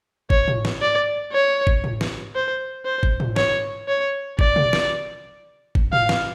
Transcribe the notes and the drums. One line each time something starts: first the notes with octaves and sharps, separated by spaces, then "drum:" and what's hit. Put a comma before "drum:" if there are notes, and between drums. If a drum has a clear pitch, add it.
C#5, drum: kick G1
drum: tom
drum: snare
D5
C#5
drum: kick G1
drum: tom
drum: snare
C5
C5
drum: kick G1
drum: tom
C#5, drum: snare
C#5
D5, drum: kick G1
drum: tom
drum: snare
drum: kick G1
F5, drum: tom
drum: snare